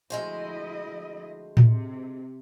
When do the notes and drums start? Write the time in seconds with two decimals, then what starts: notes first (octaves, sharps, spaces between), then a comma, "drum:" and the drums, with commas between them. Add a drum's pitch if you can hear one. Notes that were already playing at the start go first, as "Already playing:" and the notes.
0.10 D2 F3 G#3 E4 C5 D#5
1.57 C3, drum: tom A2